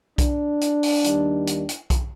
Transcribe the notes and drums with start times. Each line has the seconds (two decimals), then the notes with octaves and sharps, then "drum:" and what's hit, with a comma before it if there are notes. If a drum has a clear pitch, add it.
0.18 D4, drum: kick B1, hi-hat
0.61 drum: hi-hat
0.83 drum: open hi-hat
1.04 D#2 D#3 G3, drum: hi-hat
1.47 drum: hi-hat
1.69 drum: hi-hat
1.90 drum: kick B1, hi-hat